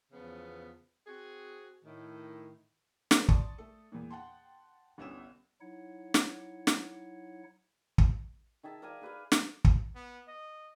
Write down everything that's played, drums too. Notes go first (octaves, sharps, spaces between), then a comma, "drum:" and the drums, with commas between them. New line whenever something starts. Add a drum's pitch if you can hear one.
E2 C#3 F3 B3
C4 F#4 G#4
A2 D#3
G#3 A#3 F4 B4 C#5, drum: snare
D5 A5 C6 C#6 D#6, drum: kick
A3 A4
E2 A#2
F#5 G5 A5 C6
G1 C2 B3 C#4 E6 E7
F#3 D#4 E4 C#5 F#5
drum: snare
drum: snare
drum: kick
D#3 G#4 E5 A5
A#4 D5 F5 G#5
G#4 B4 D5 F5
drum: snare
drum: kick
B3
D#5